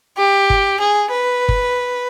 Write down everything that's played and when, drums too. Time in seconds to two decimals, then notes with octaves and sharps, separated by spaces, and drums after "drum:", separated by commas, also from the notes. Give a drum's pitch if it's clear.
0.17 G4
0.50 drum: kick G1
0.79 G#4
1.11 B4
1.49 drum: kick G1